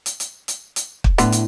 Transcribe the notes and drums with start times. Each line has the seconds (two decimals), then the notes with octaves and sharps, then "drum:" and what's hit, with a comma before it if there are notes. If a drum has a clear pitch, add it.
0.06 drum: hi-hat
0.20 drum: hi-hat
0.48 drum: hi-hat
0.76 drum: hi-hat
1.04 drum: kick
1.18 A2 D3 B3, drum: hi-hat
1.32 drum: hi-hat